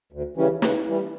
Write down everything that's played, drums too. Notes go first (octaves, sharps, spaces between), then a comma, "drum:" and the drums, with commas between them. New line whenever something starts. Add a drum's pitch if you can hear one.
D2
C#3 E3 G3 C#4
C#3, drum: snare
E3 G3